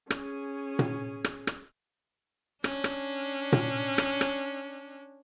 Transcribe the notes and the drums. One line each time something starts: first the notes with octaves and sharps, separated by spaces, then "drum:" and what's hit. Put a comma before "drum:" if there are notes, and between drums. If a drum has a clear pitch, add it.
C#4 G#4, drum: rim click
drum: tom A#2
drum: rim click
drum: rim click
C#4 D4, drum: rim click
drum: rim click
drum: tom A#2
drum: rim click
drum: rim click